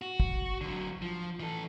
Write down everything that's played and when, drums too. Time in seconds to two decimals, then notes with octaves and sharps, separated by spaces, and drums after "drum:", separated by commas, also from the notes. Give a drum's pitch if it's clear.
0.02 F#4
0.20 drum: kick
0.61 D3 F#3
1.02 F3
1.40 E3 A4